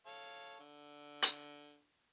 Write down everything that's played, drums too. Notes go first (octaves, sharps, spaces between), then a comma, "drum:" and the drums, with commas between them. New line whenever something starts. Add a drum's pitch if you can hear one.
A4 C#5 F5
D3
drum: hi-hat